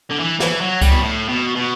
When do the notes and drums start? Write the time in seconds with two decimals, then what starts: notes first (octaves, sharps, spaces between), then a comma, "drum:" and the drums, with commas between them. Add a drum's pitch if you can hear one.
0.11 D3
0.20 E3
0.40 E3, drum: snare
0.61 F#3
0.81 G3, drum: kick C#2, hi-hat
0.91 B2
1.02 A2
1.29 B2
1.56 B2